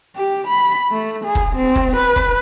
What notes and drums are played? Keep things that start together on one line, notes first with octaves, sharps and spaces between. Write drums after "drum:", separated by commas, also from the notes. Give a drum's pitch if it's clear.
G4
B5
A3
G#4
drum: kick
C4
drum: kick
B4
drum: kick